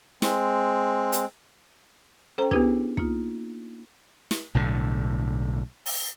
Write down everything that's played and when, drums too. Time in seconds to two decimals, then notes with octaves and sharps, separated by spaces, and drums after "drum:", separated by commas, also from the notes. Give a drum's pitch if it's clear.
0.22 G#3 C4, drum: snare
1.12 drum: hi-hat
2.38 C#4 A4 C5 G5 A#5
2.51 B3 D4 E4 G4 G#4 B4, drum: kick
2.97 A#3 D#4 F4, drum: kick
4.31 drum: snare
4.55 B1 A2 D3
5.86 drum: open hi-hat